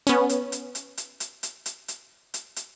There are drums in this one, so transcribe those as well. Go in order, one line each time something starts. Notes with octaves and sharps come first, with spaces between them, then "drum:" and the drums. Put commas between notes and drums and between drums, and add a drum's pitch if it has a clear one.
B3 C#4, drum: hi-hat
drum: hi-hat
drum: hi-hat
drum: hi-hat
drum: hi-hat
drum: hi-hat
drum: hi-hat
drum: hi-hat
drum: hi-hat
drum: hi-hat
drum: hi-hat